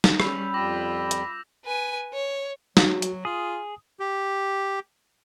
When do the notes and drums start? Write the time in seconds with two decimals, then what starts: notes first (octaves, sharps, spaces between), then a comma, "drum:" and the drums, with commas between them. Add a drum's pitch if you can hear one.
0.04 drum: snare
0.20 G3 C#4 B5 E6 G6 F7, drum: rim click
0.54 F2 G3 F4 G5 D6 A#6 F#7
1.11 drum: hi-hat
1.66 B4 G#5
2.13 C#5
2.77 F#3 F#4, drum: snare
3.02 drum: hi-hat
3.25 F4 G#4 D#6
4.00 G4